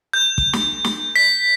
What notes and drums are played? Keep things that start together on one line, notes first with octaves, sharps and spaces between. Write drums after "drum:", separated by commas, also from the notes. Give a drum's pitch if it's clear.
G6
drum: kick
drum: snare
drum: snare
B6